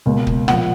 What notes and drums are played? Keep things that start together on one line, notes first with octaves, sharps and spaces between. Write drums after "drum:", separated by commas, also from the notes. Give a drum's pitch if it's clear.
C#2 B2 A#3
drum: kick
A#2 F3 A#3 F#5, drum: rim click